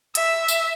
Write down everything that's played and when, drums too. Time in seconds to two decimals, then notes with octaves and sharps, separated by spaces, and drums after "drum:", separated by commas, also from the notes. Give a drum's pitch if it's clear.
0.15 E5, drum: hi-hat
0.48 drum: tambourine